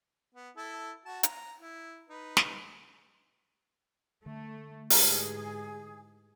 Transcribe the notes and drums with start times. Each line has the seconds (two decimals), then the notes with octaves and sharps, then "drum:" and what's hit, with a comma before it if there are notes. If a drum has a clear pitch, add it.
0.34 B3
0.57 E4 A4
1.05 F#4 A5
1.23 A#5, drum: hi-hat
1.60 E4
2.09 D#4 B4
2.37 drum: snare
4.26 D3 A3
4.90 G#2 E4 G4 G#4 B4, drum: open hi-hat